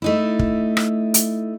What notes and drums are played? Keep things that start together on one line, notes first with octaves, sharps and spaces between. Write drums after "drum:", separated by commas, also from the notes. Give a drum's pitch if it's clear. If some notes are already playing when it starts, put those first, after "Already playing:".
A3 D#4 E4
drum: kick
drum: rim click
drum: hi-hat